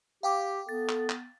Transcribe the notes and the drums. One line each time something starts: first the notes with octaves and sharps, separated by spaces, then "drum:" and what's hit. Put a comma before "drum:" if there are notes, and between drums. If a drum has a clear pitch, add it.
G4 F5 G5 D6
B3 A4 A6
drum: clap
drum: clap